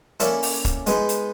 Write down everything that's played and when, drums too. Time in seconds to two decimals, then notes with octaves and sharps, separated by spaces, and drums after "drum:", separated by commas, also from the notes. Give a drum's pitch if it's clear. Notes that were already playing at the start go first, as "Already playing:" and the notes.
0.20 A#3 C#4 E4 A4 D5, drum: hi-hat
0.43 drum: open hi-hat
0.65 drum: kick, hi-hat
0.86 G#3 B3 D#4, drum: hi-hat
1.09 drum: hi-hat